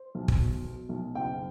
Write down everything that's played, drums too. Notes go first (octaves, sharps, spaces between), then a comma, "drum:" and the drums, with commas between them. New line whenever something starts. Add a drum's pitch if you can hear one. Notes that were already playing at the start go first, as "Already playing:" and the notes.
Already playing: C5
B1
drum: kick
B2
B2
B1
F#1 G5